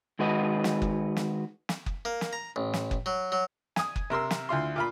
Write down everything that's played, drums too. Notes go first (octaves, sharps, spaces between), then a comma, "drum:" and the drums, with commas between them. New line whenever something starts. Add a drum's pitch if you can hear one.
D#3 G#3 F#4 B4 D#5
drum: snare
drum: kick F#1
drum: snare
drum: snare
drum: kick F#1
A#3
drum: snare
A#5
A1
drum: snare
drum: kick F#1
F#3
F#3
G#5 D#6, drum: snare
drum: kick F#1
C3 A#4 C6 E6
drum: snare
D2 E4 F4 C6
A#2 F4 B5